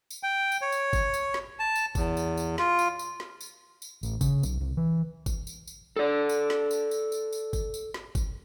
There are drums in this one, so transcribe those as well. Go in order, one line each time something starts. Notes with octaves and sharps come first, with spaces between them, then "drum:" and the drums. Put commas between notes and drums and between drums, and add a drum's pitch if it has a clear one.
drum: tambourine
G5
drum: tambourine
C#5
drum: tambourine
drum: kick G1, tambourine
drum: tambourine
drum: snare
A5
drum: tambourine
E2, drum: kick G1, tambourine
drum: tambourine
drum: tambourine
F4, drum: snare
drum: tambourine
drum: tambourine
drum: snare
drum: tambourine
drum: tambourine
A1, drum: tambourine
C#3, drum: kick G1, tambourine
B1, drum: tambourine
C2
E3
drum: kick G1, tambourine
drum: tambourine
drum: tambourine
A4 D5
drum: tambourine
drum: snare
drum: tambourine
drum: tambourine
drum: tambourine
drum: tambourine
drum: kick G1, tambourine
drum: tambourine
drum: snare
drum: kick G1, tambourine